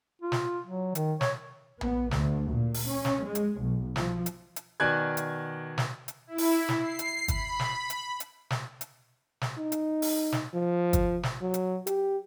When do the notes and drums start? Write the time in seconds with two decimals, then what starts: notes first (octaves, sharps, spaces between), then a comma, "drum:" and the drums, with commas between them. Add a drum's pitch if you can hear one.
0.22 F4
0.32 drum: snare
0.66 F#3
0.95 D#3, drum: hi-hat
1.21 C#5, drum: snare
1.81 B3, drum: tom A#1
2.11 D2, drum: snare
2.50 A#2
2.74 drum: open hi-hat
2.88 C#4
3.05 drum: snare
3.25 G#3
3.35 drum: hi-hat
3.60 B1
3.96 F3, drum: snare
4.26 drum: hi-hat
4.56 drum: hi-hat
4.80 B2 D#3 D5 G#5 F#6 G#6
5.17 drum: hi-hat
5.78 drum: snare
6.08 drum: hi-hat
6.27 E4
6.38 drum: open hi-hat
6.69 drum: snare
6.81 C7
6.99 drum: hi-hat
7.28 B5, drum: kick, hi-hat
7.60 drum: snare
7.90 drum: hi-hat
8.20 drum: hi-hat
8.50 drum: snare
8.81 drum: hi-hat
9.41 drum: snare
9.58 D#4
9.72 drum: hi-hat
10.02 drum: open hi-hat
10.32 drum: snare
10.54 F3
10.93 drum: kick, hi-hat
11.23 drum: snare
11.41 F#3
11.54 drum: hi-hat
11.87 G4, drum: hi-hat